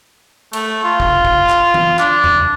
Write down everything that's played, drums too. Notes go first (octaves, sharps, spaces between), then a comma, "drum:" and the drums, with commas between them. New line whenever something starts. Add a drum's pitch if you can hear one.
A3, drum: cymbal
F4
drum: kick
drum: kick
drum: clap
drum: tom E3
D4, drum: clap
drum: tom E2